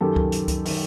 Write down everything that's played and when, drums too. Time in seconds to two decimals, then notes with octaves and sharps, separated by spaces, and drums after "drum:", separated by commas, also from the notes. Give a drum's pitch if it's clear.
0.01 F#2 D#3 G4 A4
0.16 drum: kick C#2
0.32 drum: hi-hat
0.48 drum: kick C#2, hi-hat
0.65 D#3, drum: open hi-hat